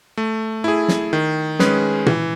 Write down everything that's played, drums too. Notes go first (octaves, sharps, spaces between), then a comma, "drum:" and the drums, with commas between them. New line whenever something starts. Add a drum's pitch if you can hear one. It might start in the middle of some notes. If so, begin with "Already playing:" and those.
A3
E4 G#4
drum: snare
D#3
G#3 C#4 G#4 B4, drum: snare
E3, drum: tom A#2